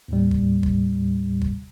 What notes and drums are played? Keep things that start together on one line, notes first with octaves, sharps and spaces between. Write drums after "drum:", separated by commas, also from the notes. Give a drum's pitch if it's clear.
D#2 A2 G3
drum: kick
drum: kick
drum: kick